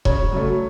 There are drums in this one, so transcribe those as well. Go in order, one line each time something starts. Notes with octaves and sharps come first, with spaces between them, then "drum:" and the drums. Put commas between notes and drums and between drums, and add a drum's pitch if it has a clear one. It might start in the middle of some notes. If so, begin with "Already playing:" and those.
C#3 C#5, drum: kick E1
F#3 A3